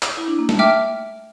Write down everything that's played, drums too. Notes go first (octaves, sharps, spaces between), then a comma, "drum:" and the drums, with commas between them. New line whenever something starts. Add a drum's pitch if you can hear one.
drum: clap
E4
D4
A#3
A3, drum: snare
E5 G5 D6 F6